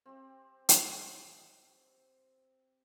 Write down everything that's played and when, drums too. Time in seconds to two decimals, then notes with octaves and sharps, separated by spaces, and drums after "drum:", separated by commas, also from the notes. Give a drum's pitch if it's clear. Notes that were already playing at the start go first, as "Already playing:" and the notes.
0.06 C4 G4
0.69 drum: hi-hat